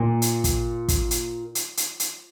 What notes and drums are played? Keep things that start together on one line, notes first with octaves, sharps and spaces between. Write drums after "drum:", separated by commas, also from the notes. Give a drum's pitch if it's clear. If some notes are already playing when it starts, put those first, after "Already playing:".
Already playing: A#2
drum: hi-hat
drum: kick, hi-hat
drum: kick, hi-hat
drum: hi-hat
drum: hi-hat
drum: hi-hat
drum: hi-hat